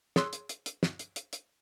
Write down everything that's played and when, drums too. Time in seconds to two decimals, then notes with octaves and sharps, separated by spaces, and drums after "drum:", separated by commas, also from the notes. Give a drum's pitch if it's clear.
0.16 G#4 C#5 C6 E6 F#6, drum: snare
0.33 drum: hi-hat
0.49 drum: hi-hat
0.66 drum: hi-hat
0.83 drum: snare
0.99 drum: hi-hat
1.16 drum: hi-hat
1.33 drum: hi-hat